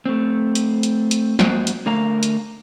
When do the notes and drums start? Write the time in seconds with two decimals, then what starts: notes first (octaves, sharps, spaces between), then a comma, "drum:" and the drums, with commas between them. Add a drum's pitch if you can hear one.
0.06 A3 C4
0.55 drum: hi-hat
0.83 drum: hi-hat
1.11 drum: hi-hat
1.39 F#2 B2 G#3 A#3 F#4 C5, drum: snare
1.67 drum: hi-hat
1.86 D3 A3 A#4 F5 A#5
2.23 drum: hi-hat